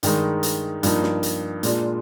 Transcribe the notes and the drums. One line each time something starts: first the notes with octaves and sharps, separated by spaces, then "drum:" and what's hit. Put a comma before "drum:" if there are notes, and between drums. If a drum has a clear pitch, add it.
G2 D#3 G#3 D#4, drum: hi-hat
drum: hi-hat
G2 F3 A#3 D#4, drum: hi-hat
drum: snare
drum: hi-hat
A#2 G#3 D4 F4, drum: hi-hat